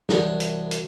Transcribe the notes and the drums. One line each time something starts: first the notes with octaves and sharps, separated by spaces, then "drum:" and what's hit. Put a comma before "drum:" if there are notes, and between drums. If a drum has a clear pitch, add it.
C2 F#2 E3 D4 D#6, drum: snare
drum: hi-hat
drum: hi-hat